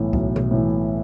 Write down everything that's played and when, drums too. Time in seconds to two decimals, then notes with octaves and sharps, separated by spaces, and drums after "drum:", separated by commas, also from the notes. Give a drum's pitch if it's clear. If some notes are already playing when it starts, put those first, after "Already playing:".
Already playing: B1 A2 E3
0.13 B1, drum: kick C#2
0.36 drum: tom B2
0.51 A2 E3